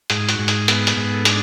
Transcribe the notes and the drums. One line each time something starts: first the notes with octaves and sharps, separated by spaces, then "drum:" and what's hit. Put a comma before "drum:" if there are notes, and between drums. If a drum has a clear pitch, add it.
G#2 G#4, drum: hi-hat
F#4, drum: hi-hat
G#2
G#4, drum: hi-hat
B3, drum: hi-hat
drum: hi-hat
G#2
A4
D4 G#4, drum: hi-hat